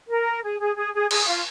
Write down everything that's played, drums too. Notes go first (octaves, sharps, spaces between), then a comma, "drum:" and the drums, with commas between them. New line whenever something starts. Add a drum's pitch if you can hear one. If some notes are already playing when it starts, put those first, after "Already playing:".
A#4
G#4
G#4
G#4
G#4
G#4, drum: cymbal
F4